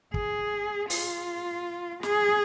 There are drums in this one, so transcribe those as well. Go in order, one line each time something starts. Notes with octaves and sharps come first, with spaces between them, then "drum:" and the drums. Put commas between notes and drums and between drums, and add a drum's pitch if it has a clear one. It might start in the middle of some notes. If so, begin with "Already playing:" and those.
G#4, drum: kick
F4, drum: open hi-hat
G#4, drum: snare